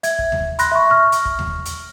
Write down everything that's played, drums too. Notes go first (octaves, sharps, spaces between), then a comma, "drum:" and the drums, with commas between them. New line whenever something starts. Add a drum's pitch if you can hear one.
E5 G#6, drum: hi-hat
drum: kick
drum: tom D#2
B5 C6 F#6 A#6, drum: hi-hat
E5 C#6
C#6 F6 A#6
drum: hi-hat
drum: kick
drum: tom D#2
drum: hi-hat